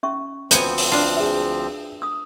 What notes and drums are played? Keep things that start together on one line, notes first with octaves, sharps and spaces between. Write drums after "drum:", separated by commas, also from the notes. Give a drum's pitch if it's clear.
C#4 E5 C#6
D2 F3 B3 C4 G#5 G6 C#7, drum: hi-hat
drum: open hi-hat
D4 F4 A5
G#4 E5
D#6 E6